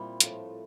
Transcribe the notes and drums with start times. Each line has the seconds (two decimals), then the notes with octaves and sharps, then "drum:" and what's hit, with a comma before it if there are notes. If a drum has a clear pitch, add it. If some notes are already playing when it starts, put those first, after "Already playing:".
Already playing: A#2 G3 C4 E4
0.20 A2 F3 A3, drum: hi-hat